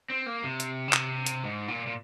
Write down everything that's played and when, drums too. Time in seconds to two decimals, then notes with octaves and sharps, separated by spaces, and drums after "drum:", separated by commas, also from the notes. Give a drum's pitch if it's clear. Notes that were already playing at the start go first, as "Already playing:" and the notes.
0.10 C4
0.26 A#3
0.43 C3
0.60 drum: hi-hat
0.88 C#3
0.93 C3, drum: clap
1.26 drum: hi-hat
1.44 G#2
1.68 A#2
1.86 A#2